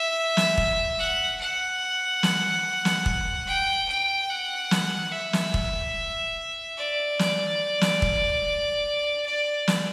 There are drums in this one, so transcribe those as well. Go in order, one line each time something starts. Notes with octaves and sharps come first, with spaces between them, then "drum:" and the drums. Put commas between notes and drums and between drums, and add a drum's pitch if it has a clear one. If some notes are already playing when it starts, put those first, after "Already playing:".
Already playing: E5
drum: snare
drum: kick
F#5
F#5
drum: snare
drum: snare
drum: kick
G5
G5
F#5
drum: snare
E5
drum: snare
drum: kick
D5
drum: snare
drum: snare
drum: kick
D5
drum: snare